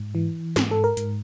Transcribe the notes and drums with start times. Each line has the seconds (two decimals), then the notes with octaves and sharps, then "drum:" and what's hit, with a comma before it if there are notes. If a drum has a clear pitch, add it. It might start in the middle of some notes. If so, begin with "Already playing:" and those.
Already playing: G#2
0.15 E3
0.56 G#2, drum: snare
0.71 A4
0.84 A#4
0.97 G#2, drum: hi-hat